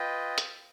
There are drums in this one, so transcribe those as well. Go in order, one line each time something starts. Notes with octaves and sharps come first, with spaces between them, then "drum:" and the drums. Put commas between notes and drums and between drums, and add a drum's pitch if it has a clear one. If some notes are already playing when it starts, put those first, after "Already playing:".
Already playing: F4 B4 D#5 G5
drum: hi-hat